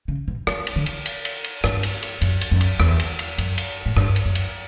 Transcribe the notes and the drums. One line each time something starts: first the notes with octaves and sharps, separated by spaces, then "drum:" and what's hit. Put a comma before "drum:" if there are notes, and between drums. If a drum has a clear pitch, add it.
C#3
B2
G3, drum: rim click
drum: cymbal
D3
drum: cymbal
drum: cymbal
drum: cymbal
drum: cymbal
G2, drum: rim click
drum: cymbal
drum: cymbal
F#2, drum: cymbal
drum: cymbal
F#2
drum: cymbal
E2, drum: rim click
drum: cymbal
drum: cymbal
F#2, drum: cymbal
drum: cymbal
A2
G2, drum: rim click
drum: cymbal
F#2
drum: cymbal